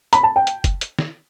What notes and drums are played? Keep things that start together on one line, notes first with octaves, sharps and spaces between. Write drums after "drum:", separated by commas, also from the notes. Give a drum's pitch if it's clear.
B5, drum: hi-hat
A5
G5
drum: hi-hat
drum: kick, hi-hat
drum: hi-hat
drum: snare